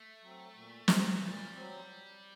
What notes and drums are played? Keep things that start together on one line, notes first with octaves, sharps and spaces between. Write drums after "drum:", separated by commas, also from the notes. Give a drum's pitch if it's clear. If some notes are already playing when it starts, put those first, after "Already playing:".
Already playing: A3
F#3 C4
A#2
F#3 C4, drum: snare
A#2 G3
F#3 C4